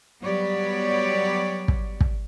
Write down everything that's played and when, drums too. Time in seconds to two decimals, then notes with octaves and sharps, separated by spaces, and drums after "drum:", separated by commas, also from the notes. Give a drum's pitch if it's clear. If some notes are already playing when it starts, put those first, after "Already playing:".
0.23 F#3 G3 B3 G4 C#5 D5
1.68 drum: kick
2.01 drum: kick